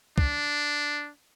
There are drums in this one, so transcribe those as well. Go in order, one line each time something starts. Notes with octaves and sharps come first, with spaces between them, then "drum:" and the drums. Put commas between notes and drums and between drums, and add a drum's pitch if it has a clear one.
D4, drum: kick